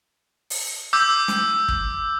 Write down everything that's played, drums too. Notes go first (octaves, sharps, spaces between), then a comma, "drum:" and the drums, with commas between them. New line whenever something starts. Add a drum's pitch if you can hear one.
drum: open hi-hat
D6 E6 G6
drum: snare
drum: kick